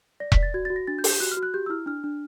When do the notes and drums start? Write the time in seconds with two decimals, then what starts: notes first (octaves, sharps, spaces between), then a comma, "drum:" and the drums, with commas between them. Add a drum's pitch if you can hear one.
0.20 D5 A#6
0.32 B6, drum: kick E1
0.37 D5
0.43 A6
0.54 F#4 G#6
0.65 F#4 A6
0.76 A#6
0.87 D4 A6
0.99 G6
1.04 G4, drum: open hi-hat
1.10 G6
1.20 F#4 F#6
1.32 F6
1.37 F#4
1.43 F#6
1.54 G4 G6
1.66 E6
1.70 E4 F6
1.86 D4 F6
2.04 D4